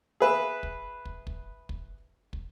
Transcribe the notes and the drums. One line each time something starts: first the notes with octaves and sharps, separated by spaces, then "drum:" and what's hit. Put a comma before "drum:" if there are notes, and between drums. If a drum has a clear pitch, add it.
G#4 B4 E5
drum: kick
drum: kick
drum: kick
drum: kick
drum: kick